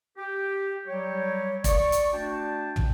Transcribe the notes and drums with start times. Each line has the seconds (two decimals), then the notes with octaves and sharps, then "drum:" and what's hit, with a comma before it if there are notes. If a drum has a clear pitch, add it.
0.18 G4
0.86 F#3 G3 G4 C#5
1.64 D5 C#6, drum: kick, hi-hat
1.92 drum: hi-hat
2.13 A3 D4 F#4 D5 G5 A5
2.76 drum: tom